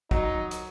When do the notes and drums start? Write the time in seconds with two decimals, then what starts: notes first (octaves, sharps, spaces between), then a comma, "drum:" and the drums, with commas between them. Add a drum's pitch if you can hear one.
0.11 F#3 D#4, drum: kick
0.51 drum: hi-hat